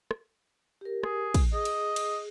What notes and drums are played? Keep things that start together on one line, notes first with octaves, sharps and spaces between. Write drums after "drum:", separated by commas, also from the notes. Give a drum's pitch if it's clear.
drum: rim click
G4 A#4
G#4, drum: rim click
drum: kick, cymbal
G#4 D#5
drum: cymbal
drum: cymbal